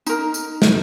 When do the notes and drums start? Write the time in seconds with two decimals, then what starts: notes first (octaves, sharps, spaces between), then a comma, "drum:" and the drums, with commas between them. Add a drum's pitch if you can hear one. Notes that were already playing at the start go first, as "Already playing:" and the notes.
0.06 D#4 A#4, drum: tambourine
0.34 drum: tambourine
0.62 drum: snare